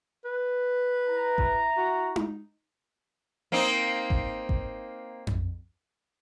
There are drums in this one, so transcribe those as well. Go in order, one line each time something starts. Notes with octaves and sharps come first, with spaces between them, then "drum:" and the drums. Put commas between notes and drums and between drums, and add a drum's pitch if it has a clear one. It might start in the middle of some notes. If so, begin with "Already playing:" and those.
B4
E4 A#5
drum: kick G#1
F#4
drum: tom D#4
A#3 C4 D#4
drum: kick G#1
drum: kick G#1
drum: tom F2